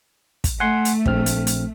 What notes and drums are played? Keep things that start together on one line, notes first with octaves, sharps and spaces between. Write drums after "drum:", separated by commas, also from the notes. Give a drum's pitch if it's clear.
drum: kick, hi-hat
A3 F#5 G#5 C6
drum: hi-hat
A#1 C4 F6, drum: kick
drum: hi-hat
drum: hi-hat